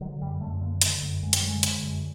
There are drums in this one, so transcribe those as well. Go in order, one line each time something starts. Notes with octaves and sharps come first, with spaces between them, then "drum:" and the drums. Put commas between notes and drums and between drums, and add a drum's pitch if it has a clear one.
D3 F#3
F#2 G3
F#2 A3
D3 A#3
D3 A3, drum: hi-hat
F#2
F#2 G#3
G3, drum: hi-hat
D3 G#3
D3, drum: hi-hat
F#2